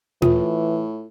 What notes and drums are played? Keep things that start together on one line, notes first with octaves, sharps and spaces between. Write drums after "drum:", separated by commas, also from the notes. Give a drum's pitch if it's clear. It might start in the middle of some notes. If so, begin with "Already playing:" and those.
A2 E3 F4, drum: tom A#2